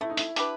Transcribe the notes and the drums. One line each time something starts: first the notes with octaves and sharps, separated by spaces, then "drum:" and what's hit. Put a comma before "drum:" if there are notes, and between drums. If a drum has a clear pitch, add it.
A3 E4
D#4
E4, drum: hi-hat
D4 G4 B4, drum: hi-hat